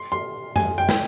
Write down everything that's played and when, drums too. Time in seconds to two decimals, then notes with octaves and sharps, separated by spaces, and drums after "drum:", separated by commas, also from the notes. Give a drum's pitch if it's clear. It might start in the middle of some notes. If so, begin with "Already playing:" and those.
Already playing: C6
0.12 C6
0.56 G#5, drum: tom F#2
0.78 G5
0.89 drum: snare